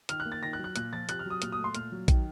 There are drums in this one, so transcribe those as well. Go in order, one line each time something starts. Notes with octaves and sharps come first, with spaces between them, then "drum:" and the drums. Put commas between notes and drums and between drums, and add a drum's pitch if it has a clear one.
D#3 F6, drum: hi-hat
F#6
A#3
A6
D#3 A#6
F#6
F#3
F#6
A#2 F#6, drum: hi-hat
F3 A6
C3 F#6, drum: hi-hat
F6
F#3 D#6
A#2 F6, drum: hi-hat
D#6
A3
C6
A#2 F6, drum: hi-hat
F#3
D#3, drum: kick A#1, hi-hat